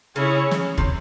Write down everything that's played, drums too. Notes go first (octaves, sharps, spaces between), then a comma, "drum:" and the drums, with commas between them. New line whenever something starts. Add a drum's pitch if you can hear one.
C#3 C#4 E4 G#4 C#5
drum: snare
C3, drum: kick